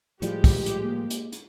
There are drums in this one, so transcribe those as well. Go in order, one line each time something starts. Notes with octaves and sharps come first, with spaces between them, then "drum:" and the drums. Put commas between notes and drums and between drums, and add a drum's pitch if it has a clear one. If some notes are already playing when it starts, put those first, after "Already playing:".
A2 F3 G3 G#3 G4, drum: hi-hat
drum: kick, open hi-hat
drum: hi-hat
A#3
drum: hi-hat
drum: hi-hat